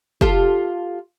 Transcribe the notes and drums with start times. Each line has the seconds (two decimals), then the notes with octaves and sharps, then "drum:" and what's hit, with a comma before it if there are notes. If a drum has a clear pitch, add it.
0.21 F4 G4 A4, drum: kick